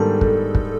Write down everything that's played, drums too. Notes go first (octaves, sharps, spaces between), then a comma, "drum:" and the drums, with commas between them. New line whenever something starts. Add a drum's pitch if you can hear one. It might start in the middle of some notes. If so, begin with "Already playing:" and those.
Already playing: G#2 D#3 G3 B3 D4 A4
drum: kick
drum: kick